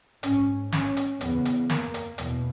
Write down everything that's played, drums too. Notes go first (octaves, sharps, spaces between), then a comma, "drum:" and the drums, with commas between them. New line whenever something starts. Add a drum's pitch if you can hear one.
G#2 C#4, drum: hi-hat
C#4, drum: snare
drum: hi-hat
E2 C#3 B3, drum: hi-hat
drum: hi-hat
A#3, drum: snare
drum: hi-hat
E2 B2, drum: hi-hat